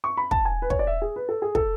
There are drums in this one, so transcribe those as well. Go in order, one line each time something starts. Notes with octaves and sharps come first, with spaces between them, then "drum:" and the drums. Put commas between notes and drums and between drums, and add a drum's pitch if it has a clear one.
C#6
B5
A5, drum: kick
G#5
B4
C#5, drum: kick
D5
E5
G#4
B4
A4
G#4
A4, drum: kick